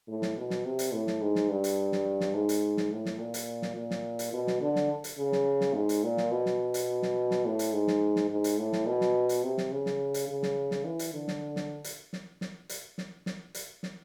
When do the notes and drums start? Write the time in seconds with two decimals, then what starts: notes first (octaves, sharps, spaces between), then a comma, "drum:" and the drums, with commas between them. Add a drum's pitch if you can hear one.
0.08 A2
0.22 drum: snare
0.37 B2
0.50 drum: snare
0.65 C3
0.79 drum: hi-hat
0.93 A2
1.07 drum: snare
1.21 G#2
1.35 drum: snare
1.50 G2
1.64 drum: hi-hat
1.92 drum: snare
2.20 drum: snare
2.34 G#2
2.49 drum: hi-hat
2.77 drum: snare
2.92 A2
3.06 drum: snare
3.19 A#2
3.34 drum: hi-hat
3.62 drum: snare
3.76 A#2
3.91 drum: snare
4.19 drum: hi-hat
4.33 B2
4.47 drum: snare
4.61 D3
4.76 drum: snare
5.04 drum: hi-hat
5.18 C#3
5.32 drum: snare
5.61 drum: snare
5.74 G#2
5.89 drum: hi-hat
6.04 A#2
6.17 drum: snare
6.31 B2
6.46 drum: snare
6.74 drum: hi-hat
7.02 drum: snare
7.31 drum: snare
7.46 A2
7.59 drum: hi-hat
7.73 G#2
7.87 drum: snare
8.16 drum: snare
8.30 G#2
8.44 drum: hi-hat
8.58 A2
8.73 drum: snare
8.87 B2
9.01 drum: snare
9.29 drum: hi-hat
9.43 C3
9.58 drum: snare
9.72 C#3
9.86 drum: snare
10.14 drum: hi-hat
10.28 C#3
10.43 drum: snare
10.71 drum: snare
10.85 E3
10.99 drum: hi-hat
11.13 D3
11.28 drum: snare
11.56 drum: snare
11.84 drum: hi-hat
12.13 drum: snare
12.41 drum: snare
12.69 drum: hi-hat
12.98 drum: snare
13.26 drum: snare
13.54 drum: hi-hat
13.83 drum: snare